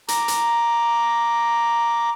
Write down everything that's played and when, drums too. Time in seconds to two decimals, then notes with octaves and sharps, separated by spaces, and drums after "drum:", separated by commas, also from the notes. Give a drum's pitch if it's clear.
0.08 A#5 D6, drum: hi-hat
0.28 drum: hi-hat